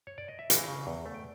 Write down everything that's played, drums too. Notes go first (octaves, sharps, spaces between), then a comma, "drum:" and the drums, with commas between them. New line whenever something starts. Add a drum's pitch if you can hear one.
C#5
D5
D#5
E5
E3 D#5 F5, drum: hi-hat
C#3
E2
A3
G5